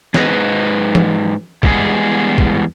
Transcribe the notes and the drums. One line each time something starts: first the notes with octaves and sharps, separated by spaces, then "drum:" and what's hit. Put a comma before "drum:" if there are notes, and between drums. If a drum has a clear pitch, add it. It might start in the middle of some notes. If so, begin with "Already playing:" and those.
G#2 G#4 B4 D#5, drum: snare
drum: tom E3
E2 G3 G#3 B3 E4 G#4, drum: kick
drum: kick